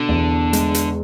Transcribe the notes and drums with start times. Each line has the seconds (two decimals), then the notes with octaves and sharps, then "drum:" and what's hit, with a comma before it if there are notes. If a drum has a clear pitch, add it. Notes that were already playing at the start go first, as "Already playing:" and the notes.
Already playing: B2 D3
0.09 E2
0.53 G#3, drum: hi-hat
0.74 drum: hi-hat